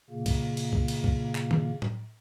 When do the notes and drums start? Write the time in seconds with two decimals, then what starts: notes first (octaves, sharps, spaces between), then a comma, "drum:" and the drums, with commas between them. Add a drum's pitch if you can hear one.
0.10 A#2 C#3 A#3
0.26 drum: kick C2, cymbal
0.57 drum: cymbal
0.73 drum: kick C2
0.88 drum: cymbal
1.04 drum: kick C2
1.35 drum: clap
1.51 drum: tom D#3
1.82 drum: tom A2